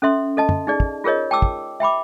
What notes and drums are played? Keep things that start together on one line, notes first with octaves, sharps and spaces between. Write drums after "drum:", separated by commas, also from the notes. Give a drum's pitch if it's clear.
C#4 A4 E5 C6
A4 D#5 A5
drum: tom
D#4 G#4 D5
drum: kick
F4 G#4 A#4 C#5 D#5
G5 A5 D6 E6
drum: kick
E5 G5 B5 D6